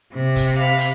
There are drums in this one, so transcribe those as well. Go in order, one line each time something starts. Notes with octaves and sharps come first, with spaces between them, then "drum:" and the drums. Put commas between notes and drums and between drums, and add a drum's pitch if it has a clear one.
C3
drum: kick F#1, hi-hat
F5 B5
drum: hi-hat